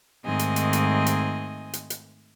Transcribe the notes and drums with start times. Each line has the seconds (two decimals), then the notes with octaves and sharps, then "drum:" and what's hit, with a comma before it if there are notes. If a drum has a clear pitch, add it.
0.23 G#2 D#3 A3 C4 D#5 G#5
0.39 drum: hi-hat
0.56 drum: hi-hat
0.73 drum: hi-hat
1.06 drum: hi-hat
1.73 drum: hi-hat
1.90 drum: hi-hat